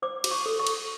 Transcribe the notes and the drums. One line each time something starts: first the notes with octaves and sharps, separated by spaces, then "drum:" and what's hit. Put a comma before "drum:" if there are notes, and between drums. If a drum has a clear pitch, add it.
C5 D6
F#4, drum: cymbal
C#6
A4
C#6
F#4, drum: cymbal